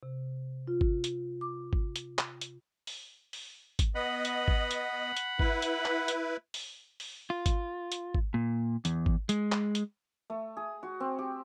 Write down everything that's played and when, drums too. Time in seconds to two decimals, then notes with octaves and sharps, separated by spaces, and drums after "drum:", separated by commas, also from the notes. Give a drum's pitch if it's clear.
0.03 C3
0.67 F4
0.81 drum: kick G#1
1.04 drum: hi-hat
1.41 D6
1.73 drum: kick G#1
1.96 drum: hi-hat
2.19 drum: clap
2.41 drum: hi-hat
2.87 drum: open hi-hat
3.33 drum: open hi-hat
3.79 drum: kick G#1, hi-hat
3.95 B3 D#5 F#5 B5
4.25 drum: hi-hat
4.48 drum: kick G#1
4.71 drum: hi-hat
5.17 drum: hi-hat
5.39 E4 B4, drum: kick G#1
5.62 drum: hi-hat
5.85 drum: clap
6.08 drum: hi-hat
6.54 drum: open hi-hat
7.00 drum: open hi-hat
7.30 F4
7.46 drum: kick G#1, hi-hat
7.92 drum: hi-hat
8.15 drum: kick G#1
8.34 A#2
8.85 E2, drum: hi-hat
9.06 drum: kick G#1
9.29 G#3, drum: hi-hat
9.52 drum: clap
9.75 drum: hi-hat
10.30 A3
10.57 G#4
10.83 F#4
11.00 C4
11.19 G4